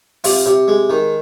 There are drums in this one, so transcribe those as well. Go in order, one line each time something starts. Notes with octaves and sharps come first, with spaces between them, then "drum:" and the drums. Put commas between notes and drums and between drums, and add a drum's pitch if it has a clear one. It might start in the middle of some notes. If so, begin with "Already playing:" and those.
C3 F4, drum: open hi-hat
C3
G#3
D#3